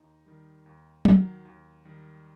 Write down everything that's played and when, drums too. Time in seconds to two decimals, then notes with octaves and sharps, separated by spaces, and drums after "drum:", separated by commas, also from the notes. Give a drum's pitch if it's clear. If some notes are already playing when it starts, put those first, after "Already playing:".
Already playing: D#2 D#4
0.26 D#3 G3
0.66 D#2
1.05 D#3 F#3, drum: tom
1.45 D#2
1.85 D#3 G3